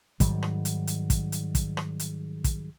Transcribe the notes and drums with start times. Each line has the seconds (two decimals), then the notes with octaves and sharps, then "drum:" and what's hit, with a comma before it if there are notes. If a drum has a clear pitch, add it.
0.20 G#2 D#3 F#3 G3, drum: kick, hi-hat
0.43 drum: rim click
0.65 drum: hi-hat
0.87 drum: hi-hat
1.10 drum: kick, hi-hat
1.32 drum: hi-hat
1.55 drum: kick, hi-hat
1.77 drum: rim click
2.00 drum: hi-hat
2.44 drum: kick, hi-hat